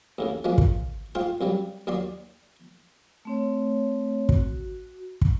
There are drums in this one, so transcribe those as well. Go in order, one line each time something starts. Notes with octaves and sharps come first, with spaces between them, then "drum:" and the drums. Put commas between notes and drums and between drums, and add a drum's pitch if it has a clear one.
D#2 A2 C#3
F3 F#3 G#3 A#3
drum: kick
G#2 F4 G5 C6
C2 C#3 F#3 G3
D#2 F#3 D5 C6
A3 C4 C#5
F#4, drum: kick
drum: kick